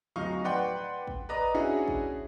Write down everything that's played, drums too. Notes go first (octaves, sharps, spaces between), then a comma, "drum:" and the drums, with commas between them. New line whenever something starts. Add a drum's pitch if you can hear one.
D1 F#3 D#4 F5 C#6
B4 D5 F#5 G5 C6, drum: tom E3
drum: kick
B4 D5 D#5 A#5
C#4 D4 E4 F#4 G#4
drum: kick